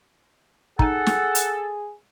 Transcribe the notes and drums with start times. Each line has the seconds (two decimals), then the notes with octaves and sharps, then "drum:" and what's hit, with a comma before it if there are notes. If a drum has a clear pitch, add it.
0.79 D#4 G#4 A4 F#5 G#5, drum: kick
1.06 drum: snare
1.35 drum: hi-hat